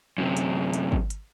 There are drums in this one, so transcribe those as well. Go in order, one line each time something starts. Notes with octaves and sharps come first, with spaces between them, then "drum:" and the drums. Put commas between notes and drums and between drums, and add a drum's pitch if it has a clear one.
F#2 C3
drum: hi-hat
drum: hi-hat
drum: kick
drum: hi-hat